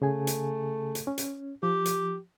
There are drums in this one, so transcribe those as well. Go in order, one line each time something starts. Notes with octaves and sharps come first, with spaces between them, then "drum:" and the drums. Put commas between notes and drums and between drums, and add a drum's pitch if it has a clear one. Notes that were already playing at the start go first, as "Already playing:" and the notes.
C#3 A3 G#4 G#5
drum: hi-hat
drum: hi-hat
C#4
drum: hi-hat
F3 G4
drum: hi-hat